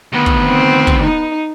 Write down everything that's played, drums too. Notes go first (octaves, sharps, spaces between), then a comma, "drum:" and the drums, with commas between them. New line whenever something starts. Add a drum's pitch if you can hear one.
D2 D#3 B3
drum: kick
C4
drum: kick
D#4